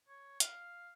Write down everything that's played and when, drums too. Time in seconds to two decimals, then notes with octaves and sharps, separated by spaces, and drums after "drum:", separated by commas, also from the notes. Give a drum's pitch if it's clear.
0.08 C#5
0.40 F5, drum: hi-hat